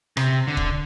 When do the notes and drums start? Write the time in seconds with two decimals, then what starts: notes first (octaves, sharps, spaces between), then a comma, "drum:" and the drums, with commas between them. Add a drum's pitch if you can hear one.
0.17 C3, drum: rim click
0.47 D3
0.57 drum: kick